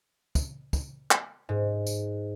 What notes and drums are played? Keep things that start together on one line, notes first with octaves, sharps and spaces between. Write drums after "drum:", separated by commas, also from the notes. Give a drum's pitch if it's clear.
drum: kick, tambourine
drum: kick, tambourine
drum: clap
G#2
drum: tambourine